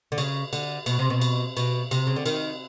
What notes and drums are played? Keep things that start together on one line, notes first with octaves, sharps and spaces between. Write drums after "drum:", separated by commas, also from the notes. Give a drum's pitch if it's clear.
D3
C#3, drum: cymbal
D3, drum: cymbal
B2, drum: cymbal
C3
B2
drum: cymbal
B2, drum: cymbal
C3, drum: cymbal
C#3
D3
D#3, drum: cymbal